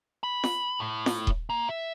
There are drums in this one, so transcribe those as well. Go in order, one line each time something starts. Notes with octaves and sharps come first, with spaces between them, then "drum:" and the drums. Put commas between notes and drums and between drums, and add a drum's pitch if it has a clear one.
B5
drum: snare F4
A2
drum: snare F4
drum: kick D#1
A#3
E5